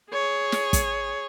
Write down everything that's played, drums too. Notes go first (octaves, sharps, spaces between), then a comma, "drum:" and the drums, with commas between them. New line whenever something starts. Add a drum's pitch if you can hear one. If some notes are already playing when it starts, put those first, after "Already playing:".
G#4 C#5
drum: snare
drum: kick, hi-hat